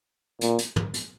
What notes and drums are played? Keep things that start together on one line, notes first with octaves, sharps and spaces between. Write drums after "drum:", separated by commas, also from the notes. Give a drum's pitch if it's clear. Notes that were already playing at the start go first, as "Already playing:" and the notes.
A#2, drum: hi-hat
drum: hi-hat
drum: tom
drum: hi-hat